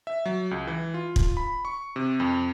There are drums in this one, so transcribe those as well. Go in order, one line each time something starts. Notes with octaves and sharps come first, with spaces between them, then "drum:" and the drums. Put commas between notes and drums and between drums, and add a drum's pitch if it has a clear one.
E5
F#3
C#2
E3
F4
drum: kick
B5
C#6
C3
F2